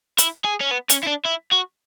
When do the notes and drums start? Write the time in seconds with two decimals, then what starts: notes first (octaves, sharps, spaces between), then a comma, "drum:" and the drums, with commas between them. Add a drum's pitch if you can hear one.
0.18 E4, drum: hi-hat
0.44 G#4
0.60 C#4
0.71 B3
0.89 C#4, drum: hi-hat
1.03 E4
1.07 D4
1.25 E4
1.51 F#4